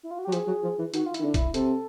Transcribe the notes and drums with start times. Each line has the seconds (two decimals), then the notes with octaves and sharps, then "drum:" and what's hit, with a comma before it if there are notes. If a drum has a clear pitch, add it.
0.03 E4
0.11 F4
0.19 F#4
0.25 F#3 G4
0.32 F3 G#4, drum: hi-hat
0.47 F#3
0.63 F3
0.79 E3
0.94 D#3 F#4, drum: hi-hat
1.06 F4
1.14 E4, drum: hi-hat
1.20 D#3
1.24 D3
1.34 E4, drum: kick, hi-hat
1.54 C3 A4, drum: hi-hat